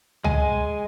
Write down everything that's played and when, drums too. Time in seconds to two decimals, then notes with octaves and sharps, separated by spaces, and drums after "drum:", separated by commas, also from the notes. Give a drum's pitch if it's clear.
0.24 G#3 G#5, drum: tom C#2